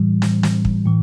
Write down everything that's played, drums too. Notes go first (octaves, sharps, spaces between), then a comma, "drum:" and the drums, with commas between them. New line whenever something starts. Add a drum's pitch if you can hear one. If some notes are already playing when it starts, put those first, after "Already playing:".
Already playing: A2 E3 G3
drum: snare
drum: snare
drum: kick
A2 E3